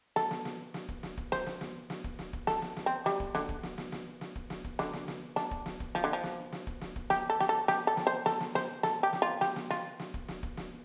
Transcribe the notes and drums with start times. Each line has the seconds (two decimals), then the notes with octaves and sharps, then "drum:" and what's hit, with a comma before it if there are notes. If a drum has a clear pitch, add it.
0.16 A4, drum: snare
0.31 drum: snare
0.45 drum: snare
0.74 drum: snare
0.89 drum: kick
1.03 drum: snare
1.17 drum: kick
1.32 C5, drum: snare
1.46 drum: snare
1.61 drum: snare
1.90 drum: snare
2.04 drum: kick
2.19 drum: snare
2.33 drum: kick
2.47 A4, drum: snare
2.62 drum: snare
2.77 drum: snare
2.86 C4
3.06 G3, drum: snare
3.20 drum: kick
3.35 D3, drum: snare
3.49 drum: kick
3.63 drum: snare
3.78 drum: snare
3.92 drum: snare
4.21 drum: snare
4.36 drum: kick
4.50 drum: snare
4.64 drum: kick
4.79 D3, drum: snare
4.93 drum: snare
5.08 drum: snare
5.36 D4, drum: snare
5.51 drum: kick
5.66 drum: snare
5.80 drum: kick
5.95 F3, drum: snare
6.04 D3
6.13 F3
6.24 drum: snare
6.52 drum: snare
6.67 drum: kick
6.81 drum: snare
6.96 drum: kick
7.10 G4, drum: snare
7.30 A4
7.40 G4, drum: snare
7.49 A4
7.68 G4, drum: snare
7.87 A4
7.97 drum: snare
8.07 C5
8.26 A4, drum: snare
8.40 drum: snare
8.55 C5, drum: snare
8.83 A4, drum: snare
9.03 G4
9.13 drum: snare
9.22 F4
9.41 G4, drum: snare
9.56 drum: snare
9.70 F4, drum: snare
9.99 drum: snare
10.14 drum: kick
10.28 drum: snare
10.43 drum: kick
10.57 drum: snare